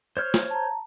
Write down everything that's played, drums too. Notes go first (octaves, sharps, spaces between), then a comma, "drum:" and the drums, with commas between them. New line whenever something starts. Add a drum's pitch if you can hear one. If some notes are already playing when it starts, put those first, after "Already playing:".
C5 C#5 F6
drum: snare
A5 A#5